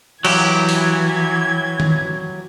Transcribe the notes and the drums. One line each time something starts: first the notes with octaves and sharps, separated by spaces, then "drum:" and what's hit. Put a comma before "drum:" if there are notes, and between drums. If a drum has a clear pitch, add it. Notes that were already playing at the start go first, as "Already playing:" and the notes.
E3 F#3 G4 G#6, drum: cymbal
drum: open hi-hat
drum: tom D#3